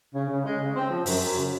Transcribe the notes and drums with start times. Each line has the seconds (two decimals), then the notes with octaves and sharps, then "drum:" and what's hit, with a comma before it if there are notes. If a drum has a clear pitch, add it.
0.14 C#3
0.29 C#3
0.45 G#3
0.59 C#3
0.75 C4
0.90 F3
1.06 F#2, drum: open hi-hat
1.21 F#2
1.36 C#3